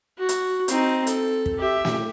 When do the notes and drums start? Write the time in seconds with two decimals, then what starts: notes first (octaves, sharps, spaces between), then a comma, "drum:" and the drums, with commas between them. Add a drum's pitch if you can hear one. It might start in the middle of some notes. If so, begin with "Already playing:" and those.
0.18 F#4
0.29 drum: hi-hat
0.68 C4 D#4, drum: hi-hat
1.07 A4, drum: hi-hat
1.46 drum: kick
1.58 G4 E5
1.85 drum: snare